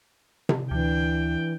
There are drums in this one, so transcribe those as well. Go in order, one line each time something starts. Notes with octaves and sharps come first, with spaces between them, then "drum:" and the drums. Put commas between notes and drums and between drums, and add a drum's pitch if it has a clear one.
drum: tom C3
D2 E3 D4 G5